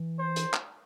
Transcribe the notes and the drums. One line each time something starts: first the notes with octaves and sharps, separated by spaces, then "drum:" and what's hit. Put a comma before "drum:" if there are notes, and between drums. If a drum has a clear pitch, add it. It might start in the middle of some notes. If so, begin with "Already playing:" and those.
Already playing: E3
C5
drum: hi-hat
drum: clap